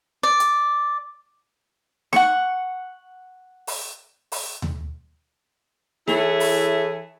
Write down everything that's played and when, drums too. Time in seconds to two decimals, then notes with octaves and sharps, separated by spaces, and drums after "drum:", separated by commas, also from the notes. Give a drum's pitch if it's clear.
0.23 D5
0.40 drum: hi-hat
2.13 F#5 C#6, drum: snare D#4
3.67 drum: open hi-hat
4.32 drum: open hi-hat
4.62 drum: tom D#2
6.07 E3 E4 G#4 A4 C#5, drum: snare D#4
6.40 drum: open hi-hat